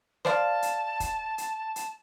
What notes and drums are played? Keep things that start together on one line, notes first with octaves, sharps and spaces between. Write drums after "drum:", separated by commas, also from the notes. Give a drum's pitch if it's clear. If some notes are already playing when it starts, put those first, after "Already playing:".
C5 D5 F5 A5, drum: snare
drum: hi-hat
drum: kick, hi-hat
drum: hi-hat
drum: hi-hat